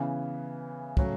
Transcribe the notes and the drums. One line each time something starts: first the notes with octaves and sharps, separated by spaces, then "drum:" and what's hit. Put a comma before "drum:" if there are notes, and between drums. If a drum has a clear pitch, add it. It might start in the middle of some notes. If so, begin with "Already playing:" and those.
Already playing: C#3 E3 B3
C#3 F#3 A3, drum: kick